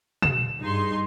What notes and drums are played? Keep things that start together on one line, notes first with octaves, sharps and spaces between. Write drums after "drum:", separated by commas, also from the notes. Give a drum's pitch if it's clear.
E7, drum: tom
G2 D#4 G#4 C6